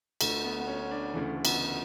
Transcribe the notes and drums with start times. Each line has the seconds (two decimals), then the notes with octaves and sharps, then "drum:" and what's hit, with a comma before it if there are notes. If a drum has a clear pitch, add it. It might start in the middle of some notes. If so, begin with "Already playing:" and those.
0.21 D2 D3 A3, drum: cymbal
0.45 B3
0.59 B3
0.67 C#4
0.80 C#4
0.91 D4
1.14 D2 C#3 E3 A3
1.35 A3
1.45 B3, drum: cymbal